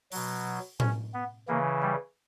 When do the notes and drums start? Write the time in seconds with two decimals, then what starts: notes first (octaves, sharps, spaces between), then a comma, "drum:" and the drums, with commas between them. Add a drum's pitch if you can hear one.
0.12 B2 F#3, drum: open hi-hat
0.80 C#4, drum: tom A2
1.14 B3
1.48 C#3 E3 A#3
1.82 G3